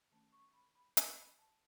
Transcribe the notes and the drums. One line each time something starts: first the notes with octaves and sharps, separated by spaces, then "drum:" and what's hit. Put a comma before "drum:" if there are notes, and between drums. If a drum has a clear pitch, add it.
D#3 A3 C#4 A5
C#6
B5
B5
C#6, drum: hi-hat
B5
A5